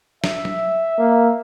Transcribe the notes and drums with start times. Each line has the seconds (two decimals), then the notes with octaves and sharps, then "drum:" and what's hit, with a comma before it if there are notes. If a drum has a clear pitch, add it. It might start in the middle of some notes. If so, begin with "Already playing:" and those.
0.24 E5, drum: snare
0.45 drum: tom F#3
0.98 A#3